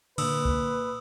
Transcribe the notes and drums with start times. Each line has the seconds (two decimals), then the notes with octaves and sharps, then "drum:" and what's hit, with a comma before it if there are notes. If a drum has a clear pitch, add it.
0.18 A#2 D3 B4 D#6 E6, drum: cymbal
0.45 drum: kick C2